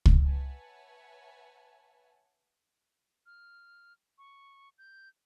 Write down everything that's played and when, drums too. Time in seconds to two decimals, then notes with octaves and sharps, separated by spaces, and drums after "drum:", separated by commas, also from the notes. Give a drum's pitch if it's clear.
0.06 drum: kick
0.24 B4 C#5 E5 F#5 G#5 A5
3.26 F6
4.18 C#6
4.78 G6